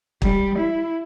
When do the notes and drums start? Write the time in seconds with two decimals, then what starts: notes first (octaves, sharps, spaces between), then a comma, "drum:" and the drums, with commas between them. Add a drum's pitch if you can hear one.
0.22 G3, drum: kick
0.58 E4